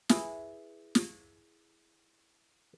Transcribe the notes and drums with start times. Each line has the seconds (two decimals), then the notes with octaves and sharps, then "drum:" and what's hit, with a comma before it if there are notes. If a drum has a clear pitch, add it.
0.09 E4 G#4 B4, drum: snare
0.95 drum: snare